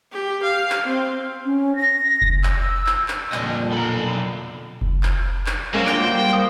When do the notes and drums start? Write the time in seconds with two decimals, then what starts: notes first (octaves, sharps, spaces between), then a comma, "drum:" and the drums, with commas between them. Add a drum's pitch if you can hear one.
0.12 G4
0.42 F5
0.70 drum: clap
0.86 C4
1.45 C#4
1.76 A#6
2.22 drum: kick F#1
2.44 E6, drum: clap
2.87 drum: clap
3.08 drum: clap
3.32 F2 A#2 D3 G3 D#5, drum: clap
3.72 B1 A4 A#5 B5
4.81 drum: kick F#1
5.03 drum: clap
5.46 drum: clap
5.74 F#3 G#3 A#3 C#4 C5
5.87 D4 F4 F#4 G5, drum: clap
6.04 G3 C5
6.33 G#3 C5 D#6